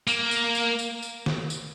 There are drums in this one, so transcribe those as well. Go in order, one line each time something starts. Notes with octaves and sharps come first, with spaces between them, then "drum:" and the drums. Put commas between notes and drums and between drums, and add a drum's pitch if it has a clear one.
A#3, drum: tambourine
drum: tambourine
drum: tambourine
drum: tambourine
drum: tambourine
drum: snare
drum: tambourine